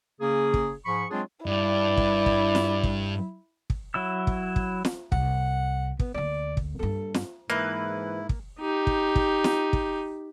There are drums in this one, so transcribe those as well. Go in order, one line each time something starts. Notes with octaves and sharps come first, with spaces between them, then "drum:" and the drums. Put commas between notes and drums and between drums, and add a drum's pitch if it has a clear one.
C#3 A#3 C#4 G#4
drum: kick
G#2 F3 G#4 B5 C#6
F#3 G#3 C4 D4 F4 G#4
G2 E4 D5
drum: kick
drum: kick
drum: snare
drum: kick
drum: kick
F#3 E4 E6
drum: kick
drum: kick
drum: snare
C2 F#5, drum: kick
B3, drum: kick
D2 A#3 D5
drum: kick
G2 A#3 A4
drum: snare
G#2 E3 A#3 E4 B4
drum: kick
D#4 G4
drum: kick
drum: kick
drum: snare
drum: kick